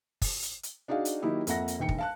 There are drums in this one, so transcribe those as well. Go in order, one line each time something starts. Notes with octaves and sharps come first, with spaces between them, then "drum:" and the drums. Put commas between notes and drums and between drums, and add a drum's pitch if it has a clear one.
drum: kick, open hi-hat
drum: hi-hat
drum: hi-hat
D4 D#4 F#4 G#4 F5
drum: hi-hat
D#3 F#3 A#3 D#4 E4 G4
F2 A#3 E5 F#5 A#6, drum: hi-hat
drum: hi-hat
E1 D#2 G5 C#7
drum: kick
F5 A5 F#6